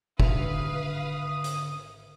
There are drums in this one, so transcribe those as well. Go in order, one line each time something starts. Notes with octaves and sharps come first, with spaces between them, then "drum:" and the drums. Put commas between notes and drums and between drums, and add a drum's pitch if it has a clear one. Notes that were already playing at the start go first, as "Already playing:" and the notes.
G#1 D3 B4 E5 F5 D#6 F6, drum: kick
drum: hi-hat